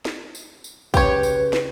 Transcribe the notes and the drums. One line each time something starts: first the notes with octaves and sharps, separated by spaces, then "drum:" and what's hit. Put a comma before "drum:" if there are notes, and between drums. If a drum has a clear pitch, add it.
drum: snare
drum: tambourine
drum: tambourine
C#3 G4 B4 C#5, drum: kick, tambourine
drum: tambourine
drum: snare